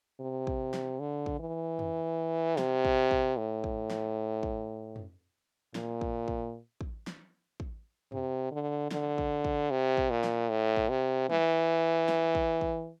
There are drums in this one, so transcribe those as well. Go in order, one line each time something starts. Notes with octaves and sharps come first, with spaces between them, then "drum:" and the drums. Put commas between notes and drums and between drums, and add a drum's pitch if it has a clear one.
C3
drum: kick
drum: snare
D3
drum: kick
E3
drum: tom F2
C3, drum: snare
drum: kick
drum: kick
A2
drum: kick
drum: snare
drum: kick
drum: tom F2
A#2, drum: snare
drum: kick
drum: kick
drum: kick
drum: snare
drum: kick
C3, drum: tom F2
D3
D3, drum: snare
drum: kick
drum: kick
C3
drum: kick
A#2
drum: snare
A2
drum: kick
C3
E3, drum: tom F#3
drum: snare
drum: kick
drum: kick